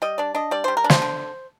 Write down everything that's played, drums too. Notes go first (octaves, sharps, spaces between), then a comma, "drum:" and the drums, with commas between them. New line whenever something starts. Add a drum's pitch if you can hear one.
G3 D#5
D4 D5
D4 D#5
G3 D5
G3 C5
A#4
D4
C5, drum: snare
D3